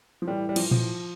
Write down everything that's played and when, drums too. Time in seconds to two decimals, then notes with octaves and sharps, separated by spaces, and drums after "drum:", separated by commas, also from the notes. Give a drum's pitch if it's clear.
0.22 F3
0.27 A2 E3 G3
0.49 G3
0.56 F3, drum: cymbal
0.71 F3, drum: tom A#2